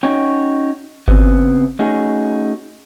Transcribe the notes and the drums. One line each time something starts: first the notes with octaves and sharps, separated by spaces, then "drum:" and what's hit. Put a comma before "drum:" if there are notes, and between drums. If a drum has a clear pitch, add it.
C#4 D#4 F#4 C#5 G5
C#3 B3 C4, drum: kick G1
A3 C#4 D#4 F#4 G#4